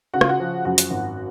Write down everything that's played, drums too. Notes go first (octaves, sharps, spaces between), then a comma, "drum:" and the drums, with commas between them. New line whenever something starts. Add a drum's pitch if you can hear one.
C#3 F#4
F4, drum: rim click
F#4
F3
F#2 F#4
drum: hi-hat
G#1